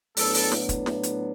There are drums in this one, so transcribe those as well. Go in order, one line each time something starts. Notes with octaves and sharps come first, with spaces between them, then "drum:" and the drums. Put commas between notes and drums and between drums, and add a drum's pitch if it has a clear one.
A2 F#3 B3 D4 A4, drum: open hi-hat
drum: open hi-hat
drum: snare
drum: kick, hi-hat
drum: snare
drum: hi-hat